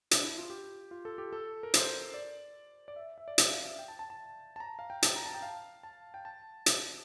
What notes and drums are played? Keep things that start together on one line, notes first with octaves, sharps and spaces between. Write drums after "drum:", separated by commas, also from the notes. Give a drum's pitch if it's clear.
D4, drum: hi-hat
E4
F4
G4
F4
A4
G4
A4
A#4
C5, drum: hi-hat
D5
D5
E5
E5
D5
E5, drum: hi-hat
F5
E5
G5
A5
A5
A5
A5
A#5
F5
G5
A5, drum: hi-hat
A#5
A5
G5
F5
A5
G5
A5
drum: hi-hat